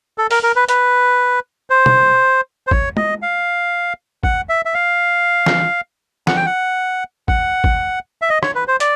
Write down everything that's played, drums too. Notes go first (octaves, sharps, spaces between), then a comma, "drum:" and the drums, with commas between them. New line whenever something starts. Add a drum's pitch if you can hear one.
A4
A#4, drum: open hi-hat
A#4
B4
B4, drum: hi-hat
C5
drum: tom
C5
C#5, drum: kick G#1
D#5, drum: tom G#3
F5
F#5, drum: kick G#1
E5
E5
F5
drum: snare
F#5, drum: snare
G5
F#5
F#5, drum: kick G#1
drum: kick G#1
E5
D#5
C#5, drum: rim click
B4
C5
D5, drum: hi-hat